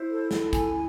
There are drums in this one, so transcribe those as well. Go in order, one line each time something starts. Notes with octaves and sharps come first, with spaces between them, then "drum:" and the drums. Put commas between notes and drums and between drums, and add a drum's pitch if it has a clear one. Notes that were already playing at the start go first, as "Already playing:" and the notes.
Already playing: E4 C5
A4
A4, drum: snare
G#5, drum: kick, hi-hat